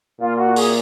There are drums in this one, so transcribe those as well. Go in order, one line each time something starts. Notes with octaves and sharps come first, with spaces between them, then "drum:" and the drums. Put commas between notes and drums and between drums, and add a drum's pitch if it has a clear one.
A#2 F4
F#4
G#4, drum: open hi-hat